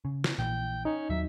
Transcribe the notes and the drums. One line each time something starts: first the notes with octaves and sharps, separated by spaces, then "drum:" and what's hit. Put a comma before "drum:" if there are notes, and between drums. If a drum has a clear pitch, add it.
C#3
drum: snare
A#1 A#2 E3 G5
C#4 D#4
D#2 F#3 E5